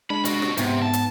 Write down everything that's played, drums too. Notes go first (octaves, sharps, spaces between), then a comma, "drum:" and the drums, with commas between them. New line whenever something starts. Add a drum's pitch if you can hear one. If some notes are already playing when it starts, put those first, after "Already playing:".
G#3 D4 B5
F#4 D#5, drum: hi-hat
drum: rim click
G#2 C3 B3, drum: hi-hat
A5
drum: hi-hat